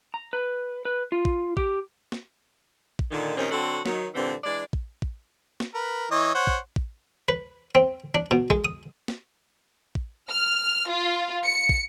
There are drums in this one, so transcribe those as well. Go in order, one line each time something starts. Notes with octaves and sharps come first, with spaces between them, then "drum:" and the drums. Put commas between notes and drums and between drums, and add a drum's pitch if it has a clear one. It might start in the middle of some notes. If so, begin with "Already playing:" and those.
A#5
B4
B4
F4
drum: kick
G4, drum: kick
drum: snare
drum: kick
A#2 D3 D#3
D#2 A#2 D#3 F3 C4 C#4
D3 F#3 C4 F#4 A4
D#3 F#3, drum: snare
G2 A#2 D3 E3 C4
E3 G#3 D4 D5
drum: kick
drum: kick
drum: snare
A#4 B4
E3 C#5 D#5
C5 C#5 F#5
drum: kick
drum: kick
B4
C4
D4
B2
G#3, drum: kick
D#6
drum: snare
drum: kick
F6
F4
C#7
drum: kick